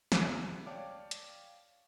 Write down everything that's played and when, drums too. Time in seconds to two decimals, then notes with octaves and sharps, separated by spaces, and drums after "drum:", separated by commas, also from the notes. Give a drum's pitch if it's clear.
0.12 D2 C3 G#3, drum: snare
0.66 C#5 D5 F5 G5 A5 D6
1.11 drum: hi-hat